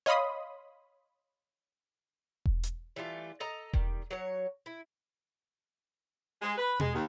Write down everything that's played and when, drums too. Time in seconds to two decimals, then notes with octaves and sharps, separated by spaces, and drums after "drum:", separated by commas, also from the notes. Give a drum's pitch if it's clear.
0.06 C#5 D#5 F5 B5 C6 D#6
2.45 drum: kick E1
2.63 drum: hi-hat
2.96 E3 G3 A3 F4
3.40 A4 D#5 A#5
3.73 D#3 G3, drum: kick E1
4.11 F#3 C#5
4.66 E4
6.41 G#3
6.57 B4
6.80 G#3, drum: tom B2
6.94 D#2